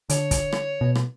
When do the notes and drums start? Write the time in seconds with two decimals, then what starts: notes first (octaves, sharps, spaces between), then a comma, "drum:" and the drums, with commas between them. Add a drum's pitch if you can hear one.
0.10 D3 C#5, drum: hi-hat
0.31 drum: kick, hi-hat
0.52 drum: rim click
0.81 B2
0.95 drum: rim click